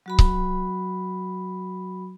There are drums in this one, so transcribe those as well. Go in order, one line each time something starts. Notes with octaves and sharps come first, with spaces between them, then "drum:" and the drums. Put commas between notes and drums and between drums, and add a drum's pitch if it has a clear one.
F#3 F#4 B5
drum: kick C#1